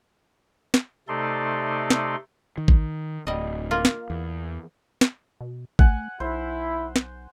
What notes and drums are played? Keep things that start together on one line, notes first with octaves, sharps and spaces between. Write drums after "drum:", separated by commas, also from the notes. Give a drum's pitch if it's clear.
drum: snare
C3 A3 D#4 A4 D5 C6
drum: snare
D#3
drum: kick
D1 G3 D#5
A#3 F4
drum: snare
E2
drum: snare
B2
A3 F#5 G#5, drum: kick
B1 E4 C5
drum: snare